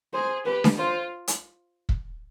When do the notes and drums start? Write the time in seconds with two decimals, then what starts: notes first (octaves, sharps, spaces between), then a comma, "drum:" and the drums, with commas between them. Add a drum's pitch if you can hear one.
0.13 G#4 C5
0.45 G4 B4
0.64 drum: snare D4
0.78 F4 C5
1.28 drum: hi-hat
1.89 drum: kick